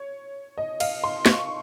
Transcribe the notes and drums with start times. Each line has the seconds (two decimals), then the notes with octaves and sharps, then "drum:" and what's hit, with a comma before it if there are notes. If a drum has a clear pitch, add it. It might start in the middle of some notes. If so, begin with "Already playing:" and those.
Already playing: C#5
0.58 D#5
0.80 F5, drum: cymbal
1.04 C6
1.26 C#6, drum: snare